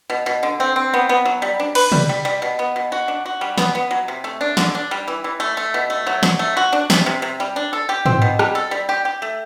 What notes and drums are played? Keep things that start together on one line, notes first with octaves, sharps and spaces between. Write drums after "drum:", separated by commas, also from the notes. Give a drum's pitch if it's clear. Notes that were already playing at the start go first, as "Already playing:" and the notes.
B2
B2
D3
C4
C4
B3
B3
F#3
G3
D4
B4, drum: cymbal
G3, drum: tom C3
G3
G3
B2
B3
B2
F#4
D4
F#4
G3
B3, drum: snare
B3
F#3
C3
A3
D4
D3, drum: snare
D4
G3
E3
E3
A3
A3
B2
A3
F#3
F#3, drum: snare
A3
F#4
D4
C3, drum: snare
C3
C3
G3
D4
A4
G4
C4, drum: tom G#2
B2
G3, drum: rim click
A4
G3
G4
G4
A3